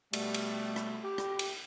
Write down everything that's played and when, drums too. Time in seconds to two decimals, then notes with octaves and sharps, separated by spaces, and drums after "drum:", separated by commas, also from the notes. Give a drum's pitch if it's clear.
0.13 B2 G3 A3, drum: cymbal
0.34 drum: cymbal
0.76 drum: rim click
1.04 G4
1.18 drum: rim click
1.39 drum: cymbal